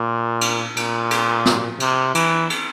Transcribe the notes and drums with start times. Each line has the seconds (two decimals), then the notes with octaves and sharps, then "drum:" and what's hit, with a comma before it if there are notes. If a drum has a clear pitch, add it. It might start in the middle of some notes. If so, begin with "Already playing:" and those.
Already playing: A#2
0.41 drum: cymbal
0.77 A#2, drum: cymbal
1.11 drum: cymbal
1.45 drum: snare
1.80 C3, drum: cymbal
2.15 E3, drum: cymbal
2.50 drum: cymbal